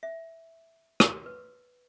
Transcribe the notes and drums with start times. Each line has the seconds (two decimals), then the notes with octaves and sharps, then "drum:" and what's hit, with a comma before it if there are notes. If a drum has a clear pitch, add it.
0.03 E5
1.00 drum: rim click
1.26 B4